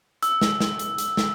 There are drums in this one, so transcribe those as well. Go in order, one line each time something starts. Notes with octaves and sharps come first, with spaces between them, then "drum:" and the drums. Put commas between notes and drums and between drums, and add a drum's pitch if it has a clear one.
E6, drum: hi-hat
drum: snare
drum: snare
drum: hi-hat
drum: hi-hat
drum: snare